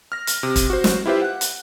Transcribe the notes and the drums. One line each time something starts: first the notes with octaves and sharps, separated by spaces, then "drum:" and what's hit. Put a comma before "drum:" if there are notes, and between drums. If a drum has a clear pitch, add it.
F6 A#6
drum: hi-hat
C3
drum: kick, hi-hat
F#4 C5
drum: snare
E4 F4 G4 B4 C5 E5
F#5 F#6
drum: hi-hat